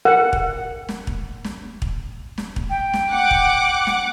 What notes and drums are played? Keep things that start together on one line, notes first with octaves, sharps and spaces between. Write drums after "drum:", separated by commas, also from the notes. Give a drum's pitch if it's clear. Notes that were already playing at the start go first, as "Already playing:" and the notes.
A#4 F#5 G5
drum: kick
drum: snare
drum: kick
drum: snare
drum: kick
drum: snare
drum: kick
G5
drum: snare
F#5 D6
drum: kick
drum: snare